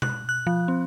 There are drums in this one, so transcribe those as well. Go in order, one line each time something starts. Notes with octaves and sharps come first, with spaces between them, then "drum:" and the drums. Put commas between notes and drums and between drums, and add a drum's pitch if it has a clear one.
F#6, drum: tom B2
F#6
F3
C4